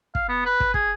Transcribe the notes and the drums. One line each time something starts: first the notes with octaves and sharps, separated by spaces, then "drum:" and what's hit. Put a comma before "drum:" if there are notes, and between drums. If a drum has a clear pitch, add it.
F5, drum: kick
B3
B4
drum: kick
G#4, drum: kick